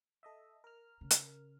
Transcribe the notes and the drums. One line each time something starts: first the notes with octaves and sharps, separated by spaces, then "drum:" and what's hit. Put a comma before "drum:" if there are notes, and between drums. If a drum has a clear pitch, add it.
A4 D#5 E5
A#4 F6
C#3
drum: hi-hat